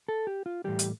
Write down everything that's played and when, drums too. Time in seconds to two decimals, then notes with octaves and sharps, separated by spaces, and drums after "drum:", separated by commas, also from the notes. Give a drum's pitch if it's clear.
0.08 A4
0.27 G4
0.46 F4
0.64 A2 E3 G3 G4
0.79 drum: hi-hat